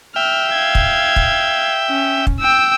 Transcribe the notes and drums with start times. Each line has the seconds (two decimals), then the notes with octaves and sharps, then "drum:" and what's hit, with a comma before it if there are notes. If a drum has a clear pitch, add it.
0.16 E5 G5 F6
0.51 F5 G#6
0.75 drum: kick
1.16 drum: kick
1.89 C#4
2.27 drum: kick
2.40 G5 E6